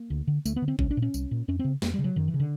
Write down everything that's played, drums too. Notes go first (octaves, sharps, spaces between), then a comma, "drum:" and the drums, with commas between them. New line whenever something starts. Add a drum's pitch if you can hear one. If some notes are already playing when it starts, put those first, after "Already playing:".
Already playing: A#3
D2
D3
D2 A3, drum: tambourine
B3
D3
C4
C2 C#4, drum: kick G#1
D4
A#2
C#4
C2, drum: tambourine
A#2
F2 C#4
C4
C#3
F2 A#3, drum: snare
C#3 G3
F#3
F#2 D#3
E3
C#3
D3